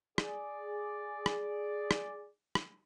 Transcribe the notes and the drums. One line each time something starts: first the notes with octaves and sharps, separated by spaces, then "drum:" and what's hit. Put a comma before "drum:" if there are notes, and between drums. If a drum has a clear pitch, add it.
G#4 D5, drum: rim click
drum: rim click
drum: rim click
drum: rim click